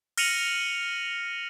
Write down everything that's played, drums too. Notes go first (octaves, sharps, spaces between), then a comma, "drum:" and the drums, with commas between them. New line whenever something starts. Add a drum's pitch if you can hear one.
F6 A#6 C#7 D#7 F7 F#7, drum: cymbal